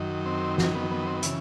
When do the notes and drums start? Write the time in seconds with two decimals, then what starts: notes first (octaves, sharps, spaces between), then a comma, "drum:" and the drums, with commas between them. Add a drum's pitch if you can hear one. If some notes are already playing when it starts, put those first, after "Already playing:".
Already playing: F#2 D#3
0.26 C4
0.58 drum: snare
0.75 B3
0.91 B3
1.06 C4
1.16 B3
1.23 C#3 E3, drum: hi-hat